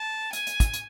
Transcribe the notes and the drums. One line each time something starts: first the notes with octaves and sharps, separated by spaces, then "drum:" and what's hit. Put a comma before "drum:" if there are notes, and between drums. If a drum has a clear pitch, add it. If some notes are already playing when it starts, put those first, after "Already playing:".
Already playing: A5
G#5, drum: hi-hat
drum: hi-hat
drum: kick, hi-hat
drum: hi-hat